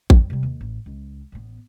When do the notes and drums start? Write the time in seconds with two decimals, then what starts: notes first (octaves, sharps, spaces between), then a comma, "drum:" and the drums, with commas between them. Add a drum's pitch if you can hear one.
0.10 F2 G3, drum: kick A1
0.30 C3 G3
0.43 D#2
0.61 A1
0.86 C#2
1.32 A1 B3